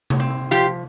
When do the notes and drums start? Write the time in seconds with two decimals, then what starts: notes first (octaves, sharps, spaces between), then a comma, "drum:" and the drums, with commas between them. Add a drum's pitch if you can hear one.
0.10 drum: tom C3
0.20 C4
0.51 F3 F4 G4